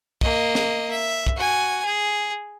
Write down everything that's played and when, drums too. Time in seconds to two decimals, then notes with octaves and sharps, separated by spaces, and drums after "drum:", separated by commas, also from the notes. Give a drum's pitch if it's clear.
0.21 A#3 D#5, drum: kick
0.55 drum: snare
0.91 E5
1.27 drum: kick
1.36 F#4 G#5
1.85 G#4